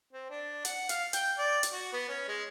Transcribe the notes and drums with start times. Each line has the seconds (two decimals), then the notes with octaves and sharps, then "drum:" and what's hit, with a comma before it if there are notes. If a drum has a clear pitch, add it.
0.13 C4
0.30 D4
0.65 F#5, drum: hi-hat
0.89 F5, drum: hi-hat
1.13 G5, drum: hi-hat
1.38 D5
1.63 drum: hi-hat
1.72 F#4
1.93 B3
2.09 C#4
2.28 G#3